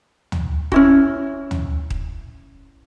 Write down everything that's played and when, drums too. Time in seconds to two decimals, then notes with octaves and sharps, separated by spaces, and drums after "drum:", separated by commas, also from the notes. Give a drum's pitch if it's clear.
0.32 drum: tom
0.72 C#4 E4 F#4, drum: kick D#1
1.51 drum: tom
1.90 drum: kick D#1